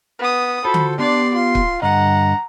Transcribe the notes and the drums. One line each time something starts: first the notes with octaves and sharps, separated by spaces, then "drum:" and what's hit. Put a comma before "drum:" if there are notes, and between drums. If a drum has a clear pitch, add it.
B3 D#6
F4 F#4 A4 C5 B5
drum: tom D3
B3 D4 G4 D5 C6
F4 C6
drum: kick
G2 D3 D#5 F#5 A#5